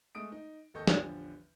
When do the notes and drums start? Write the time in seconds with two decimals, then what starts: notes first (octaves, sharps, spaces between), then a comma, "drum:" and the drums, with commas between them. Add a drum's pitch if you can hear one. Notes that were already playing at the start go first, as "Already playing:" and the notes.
0.15 G#3 A3 D#6 D7
0.32 D#4
0.74 G#1 D#2 A4 D#5 C#6 G6
0.87 A1 E2 D3 F3 G3, drum: snare